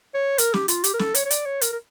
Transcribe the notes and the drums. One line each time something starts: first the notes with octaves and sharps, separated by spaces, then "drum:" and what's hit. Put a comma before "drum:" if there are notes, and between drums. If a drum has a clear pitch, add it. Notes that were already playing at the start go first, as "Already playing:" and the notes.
C#5
A#4, drum: hi-hat
G4, drum: snare
F4, drum: hi-hat
G4, drum: hi-hat
A#4
A4, drum: snare
C#5, drum: hi-hat
C#5
D5, drum: hi-hat
C#5
A#4, drum: hi-hat
A#4